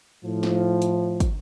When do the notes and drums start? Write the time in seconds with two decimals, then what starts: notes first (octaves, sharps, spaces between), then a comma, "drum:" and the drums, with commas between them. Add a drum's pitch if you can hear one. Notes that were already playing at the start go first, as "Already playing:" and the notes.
0.24 A2 F3
0.43 drum: snare
0.82 drum: hi-hat
1.20 drum: kick, hi-hat